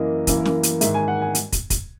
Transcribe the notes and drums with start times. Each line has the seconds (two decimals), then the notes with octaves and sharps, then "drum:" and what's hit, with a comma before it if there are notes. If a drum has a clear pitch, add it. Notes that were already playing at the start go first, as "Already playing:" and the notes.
Already playing: F#2 E3 A#3 D#5
0.27 F#2 E3 A#3, drum: kick, hi-hat
0.45 drum: snare
0.63 drum: hi-hat
0.81 G#2 D#3 G#3 E5, drum: hi-hat
0.94 G#5
1.08 F#5
1.22 G#5
1.35 drum: hi-hat
1.52 drum: kick, hi-hat
1.70 drum: kick, hi-hat